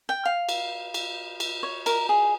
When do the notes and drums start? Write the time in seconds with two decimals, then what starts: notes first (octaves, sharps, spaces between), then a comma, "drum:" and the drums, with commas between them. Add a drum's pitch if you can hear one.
0.09 G5
0.25 F5
0.49 drum: cymbal
0.94 drum: cymbal
1.40 drum: cymbal
1.63 C#5
1.86 A#4, drum: cymbal
2.09 G#4